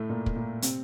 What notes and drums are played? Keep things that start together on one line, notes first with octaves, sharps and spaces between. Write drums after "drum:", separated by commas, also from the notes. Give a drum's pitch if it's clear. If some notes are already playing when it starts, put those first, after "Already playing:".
Already playing: A2 A3
A#2 A#3
drum: kick
A#2 A#3
C3 C4, drum: hi-hat